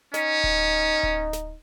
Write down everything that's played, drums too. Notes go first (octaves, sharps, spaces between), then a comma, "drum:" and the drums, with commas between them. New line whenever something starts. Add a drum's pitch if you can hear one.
C#4 D#4, drum: snare
drum: kick D1
drum: kick D1
drum: snare